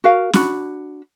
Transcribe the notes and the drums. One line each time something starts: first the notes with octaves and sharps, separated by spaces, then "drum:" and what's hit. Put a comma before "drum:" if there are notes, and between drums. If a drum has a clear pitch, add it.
F#4 A#4 F5
D4 F#4 B5, drum: snare C#4